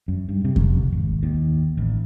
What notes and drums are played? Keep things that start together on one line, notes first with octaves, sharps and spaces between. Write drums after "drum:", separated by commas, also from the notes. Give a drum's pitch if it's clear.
F#2
G2
C3
F1, drum: kick F2
G#1
D#2
A1